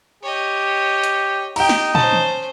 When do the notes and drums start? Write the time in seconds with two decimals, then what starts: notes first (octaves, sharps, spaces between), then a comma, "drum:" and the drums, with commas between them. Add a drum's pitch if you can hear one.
0.23 G4 C#5 D#5
1.04 drum: hi-hat
1.56 D#4 G4 G5 A#5, drum: cymbal
1.69 drum: snare
1.95 C#4 C5 A5, drum: tom
2.13 drum: tom